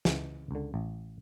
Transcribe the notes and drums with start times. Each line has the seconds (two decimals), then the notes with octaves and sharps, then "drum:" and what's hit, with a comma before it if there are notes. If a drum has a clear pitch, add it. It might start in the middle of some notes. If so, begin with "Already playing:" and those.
0.05 C#2 E3 G#3, drum: snare
0.51 C#2 D3
0.74 A1